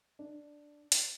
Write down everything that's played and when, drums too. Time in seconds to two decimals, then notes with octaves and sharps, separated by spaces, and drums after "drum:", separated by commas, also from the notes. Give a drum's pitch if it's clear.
0.19 D4
0.92 drum: hi-hat